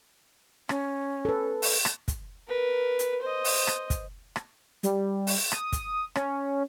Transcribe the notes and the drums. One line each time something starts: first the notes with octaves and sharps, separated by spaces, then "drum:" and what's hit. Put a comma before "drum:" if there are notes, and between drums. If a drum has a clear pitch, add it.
C#4, drum: rim click
A4 B4
drum: open hi-hat
drum: rim click
drum: kick, hi-hat
A#4 B4
drum: hi-hat
C5 D#5
drum: open hi-hat
drum: rim click
drum: kick, hi-hat
drum: rim click
G3, drum: hi-hat
drum: open hi-hat
D#6, drum: rim click
drum: kick, hi-hat
C#4, drum: rim click